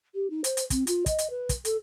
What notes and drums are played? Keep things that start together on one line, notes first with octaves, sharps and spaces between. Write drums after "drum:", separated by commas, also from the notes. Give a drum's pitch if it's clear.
G4
D#4
C5, drum: hi-hat
drum: hi-hat
C4, drum: kick, hi-hat
F4, drum: hi-hat
D#5, drum: kick, hi-hat
drum: hi-hat
B4
drum: kick, hi-hat
A4, drum: hi-hat